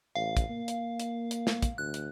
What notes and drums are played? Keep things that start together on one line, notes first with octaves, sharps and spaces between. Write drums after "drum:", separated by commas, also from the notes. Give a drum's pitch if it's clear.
A1 F5
drum: kick, hi-hat
A#3
drum: hi-hat
drum: hi-hat
drum: hi-hat
drum: snare
drum: kick, hi-hat
D2 F#6
drum: hi-hat